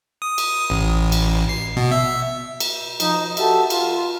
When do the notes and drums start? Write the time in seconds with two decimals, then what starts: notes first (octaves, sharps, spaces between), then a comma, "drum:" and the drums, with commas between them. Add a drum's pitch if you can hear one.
0.22 D#6
0.38 drum: cymbal
0.70 A1
1.12 drum: cymbal
1.49 C7
1.77 B2
1.91 E5
2.60 drum: cymbal
3.00 F3 D#4, drum: cymbal
3.37 F#4 G4 A4 E5 A5, drum: cymbal
3.70 F4, drum: cymbal